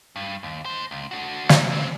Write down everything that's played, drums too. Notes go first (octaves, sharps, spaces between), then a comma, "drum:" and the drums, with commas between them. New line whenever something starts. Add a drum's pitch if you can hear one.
G2
D#2
D#4 C5
C#2
D4 F#4
drum: snare
C4 C#4